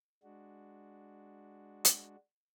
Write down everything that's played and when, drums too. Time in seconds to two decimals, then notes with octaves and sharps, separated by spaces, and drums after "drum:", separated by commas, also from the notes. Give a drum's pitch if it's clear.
0.23 G#3 D4 F#4
1.85 drum: hi-hat